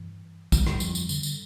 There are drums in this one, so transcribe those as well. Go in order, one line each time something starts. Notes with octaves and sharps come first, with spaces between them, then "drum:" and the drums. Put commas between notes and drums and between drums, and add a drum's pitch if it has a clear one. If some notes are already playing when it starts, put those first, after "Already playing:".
Already playing: G2 E3
G2 D3 E3, drum: kick, tambourine
drum: rim click
F2 F3, drum: tambourine
drum: tambourine
D3, drum: tambourine
drum: tambourine